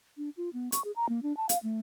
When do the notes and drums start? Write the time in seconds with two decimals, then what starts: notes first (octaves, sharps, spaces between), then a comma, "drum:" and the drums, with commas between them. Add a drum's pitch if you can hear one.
0.17 D4
0.37 F4
0.53 B3
0.72 C#6, drum: hi-hat
0.85 G#4
0.96 A#5
1.09 A#3
1.23 D4
1.37 A5
1.49 F5, drum: hi-hat
1.63 A3